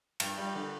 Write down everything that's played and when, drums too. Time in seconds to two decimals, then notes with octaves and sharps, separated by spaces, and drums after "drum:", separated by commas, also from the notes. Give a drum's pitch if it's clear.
0.20 G2, drum: cymbal
0.38 G3
0.55 D3